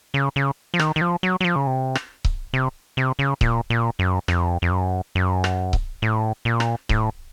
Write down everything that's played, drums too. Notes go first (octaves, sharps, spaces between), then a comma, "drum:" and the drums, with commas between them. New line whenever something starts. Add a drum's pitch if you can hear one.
C#3
C#3
F3
D#3, drum: rim click
D#3
F3
F#3
F#3
F3
C#3
C3
drum: rim click
drum: kick C#1
C3
C3
C#3
A#2, drum: kick C#1
A#2
F#2
F2, drum: rim click
F2
F#2
F#2
drum: rim click
drum: kick C#1
A2
A#2
drum: rim click
A2, drum: kick C#1